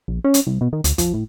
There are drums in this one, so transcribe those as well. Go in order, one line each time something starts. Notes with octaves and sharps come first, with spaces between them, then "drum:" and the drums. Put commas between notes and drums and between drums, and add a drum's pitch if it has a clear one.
A#1
C#4
drum: hi-hat
C2
B2
D#3
D2, drum: hi-hat
F3, drum: kick, hi-hat
A2